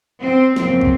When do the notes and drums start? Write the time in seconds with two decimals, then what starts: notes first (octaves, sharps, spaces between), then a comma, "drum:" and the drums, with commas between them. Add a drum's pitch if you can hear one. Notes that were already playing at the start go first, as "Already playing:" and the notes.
0.20 C4
0.56 F2 C#3 F#3 A#3 C4, drum: snare
0.81 drum: kick